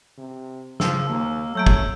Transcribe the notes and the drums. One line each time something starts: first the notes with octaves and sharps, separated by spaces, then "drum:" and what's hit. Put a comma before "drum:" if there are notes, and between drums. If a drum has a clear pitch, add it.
C3
C#3 F3 E6, drum: snare
D#2 A#3
F#3 A3 E6 G6 D7
drum: kick